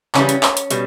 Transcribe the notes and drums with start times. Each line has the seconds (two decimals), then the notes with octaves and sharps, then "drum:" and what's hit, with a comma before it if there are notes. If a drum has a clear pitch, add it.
0.15 C#3 E3 G3 C#4, drum: clap
0.29 drum: hi-hat
0.43 drum: clap
0.57 drum: hi-hat
0.70 B2 G3, drum: hi-hat